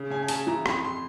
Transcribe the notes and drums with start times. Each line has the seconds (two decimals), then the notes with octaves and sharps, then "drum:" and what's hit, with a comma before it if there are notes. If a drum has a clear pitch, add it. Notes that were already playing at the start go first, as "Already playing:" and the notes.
Already playing: C#3
0.10 C#3 G#5
0.23 G#5
0.28 C#3 A5, drum: hi-hat
0.47 E3 A#5
0.66 F2 B5, drum: rim click
0.84 C6